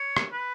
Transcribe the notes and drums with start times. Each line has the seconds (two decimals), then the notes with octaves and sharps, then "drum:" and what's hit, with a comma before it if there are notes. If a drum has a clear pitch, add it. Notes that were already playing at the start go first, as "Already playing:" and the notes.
Already playing: C#5
0.17 drum: rim click
0.32 B4